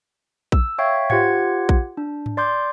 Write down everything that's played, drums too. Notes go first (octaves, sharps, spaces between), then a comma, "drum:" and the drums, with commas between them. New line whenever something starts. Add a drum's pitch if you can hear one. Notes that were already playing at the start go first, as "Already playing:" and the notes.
E6, drum: kick A#1
C#5 E5 F5 G5 C#6 G#6
F4 G4 C5 F#5 G#6, drum: tom G#2
drum: kick A#1
D4
drum: tom G#2
D5 C6 D6 G6